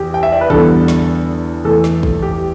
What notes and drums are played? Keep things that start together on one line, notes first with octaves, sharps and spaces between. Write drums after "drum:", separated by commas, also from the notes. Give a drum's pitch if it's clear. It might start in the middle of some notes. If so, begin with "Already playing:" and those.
Already playing: E2 G4
G5
E5
D5
B4
E2 D3 G3 B3 A4, drum: kick
drum: snare
E2 E3 A3 A4
drum: snare
drum: kick
G4